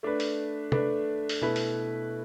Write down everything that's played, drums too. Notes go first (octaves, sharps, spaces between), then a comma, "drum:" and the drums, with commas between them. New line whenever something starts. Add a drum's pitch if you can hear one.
A3 D4 B4
drum: open hi-hat
A3 D4 B4, drum: tom C3
drum: open hi-hat
B2 A3 E4 B4
drum: open hi-hat